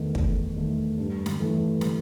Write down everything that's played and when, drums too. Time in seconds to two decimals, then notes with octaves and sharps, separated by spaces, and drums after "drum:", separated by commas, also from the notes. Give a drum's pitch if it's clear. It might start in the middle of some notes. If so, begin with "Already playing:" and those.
Already playing: E2 D#3 A3
0.15 E2, drum: kick
0.56 D#3 A3
0.98 G2
1.26 drum: snare
1.40 E3 A3
1.81 drum: snare